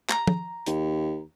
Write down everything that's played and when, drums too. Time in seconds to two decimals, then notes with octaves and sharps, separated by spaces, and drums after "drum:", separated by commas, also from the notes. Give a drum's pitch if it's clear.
0.09 A#5, drum: clap
0.27 drum: tom
0.66 D#2, drum: hi-hat